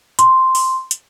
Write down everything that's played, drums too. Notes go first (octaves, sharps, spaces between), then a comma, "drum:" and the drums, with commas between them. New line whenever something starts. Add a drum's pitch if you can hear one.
C6, drum: hi-hat
drum: open hi-hat
drum: hi-hat